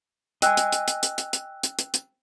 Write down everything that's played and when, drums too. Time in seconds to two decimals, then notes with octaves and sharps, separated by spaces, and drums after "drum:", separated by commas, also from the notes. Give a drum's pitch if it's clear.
0.42 D#5 G5 G#5 E6 F#6, drum: hi-hat
0.57 drum: hi-hat
0.72 drum: hi-hat
0.88 drum: hi-hat
1.03 drum: hi-hat
1.18 drum: hi-hat
1.33 drum: hi-hat
1.63 drum: hi-hat
1.79 drum: hi-hat
1.94 drum: hi-hat